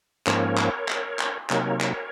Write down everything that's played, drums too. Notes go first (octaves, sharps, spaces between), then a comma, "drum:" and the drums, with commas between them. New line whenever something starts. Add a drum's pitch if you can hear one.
G#2 F3 A#3 C#4 A#4 C#5, drum: clap
drum: clap
drum: clap
drum: clap
C3 F#3 A#3 D#4 A#4 C#5, drum: clap
drum: clap